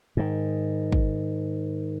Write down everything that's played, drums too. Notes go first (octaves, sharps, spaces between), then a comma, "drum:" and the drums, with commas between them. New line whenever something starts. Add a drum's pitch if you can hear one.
G#2 D#3
drum: kick